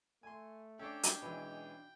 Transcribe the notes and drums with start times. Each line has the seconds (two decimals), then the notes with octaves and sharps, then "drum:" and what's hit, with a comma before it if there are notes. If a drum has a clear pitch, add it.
0.23 A3 G#5 C6
0.79 C#4 D4 A4 G5 D6
1.03 drum: hi-hat
1.22 B1 E3 G#3